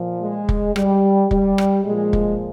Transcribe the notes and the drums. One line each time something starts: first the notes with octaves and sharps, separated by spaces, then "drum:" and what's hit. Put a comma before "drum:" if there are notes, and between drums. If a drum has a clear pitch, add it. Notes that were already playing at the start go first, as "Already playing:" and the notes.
Already playing: A#2 F3
G#3
drum: kick
G3, drum: rim click
G3, drum: kick
drum: rim click
A#2 F3 G#3
drum: kick